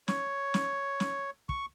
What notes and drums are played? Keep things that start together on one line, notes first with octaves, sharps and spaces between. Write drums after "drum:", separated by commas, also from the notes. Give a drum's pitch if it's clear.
C#5, drum: snare
drum: snare
drum: snare
C#6, drum: kick